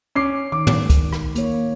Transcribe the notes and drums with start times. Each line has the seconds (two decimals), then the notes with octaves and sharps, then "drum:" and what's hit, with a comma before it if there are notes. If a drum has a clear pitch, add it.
0.15 C#4 D6 C7
0.52 D#3 D6
0.67 drum: tom
0.90 drum: kick, hi-hat
1.13 drum: rim click
1.35 A#3 C#5, drum: hi-hat